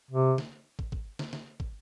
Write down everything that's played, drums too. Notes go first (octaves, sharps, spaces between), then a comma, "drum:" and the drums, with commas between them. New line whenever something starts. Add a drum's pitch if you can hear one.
C3
drum: snare
drum: kick
drum: kick
drum: snare
drum: snare
drum: kick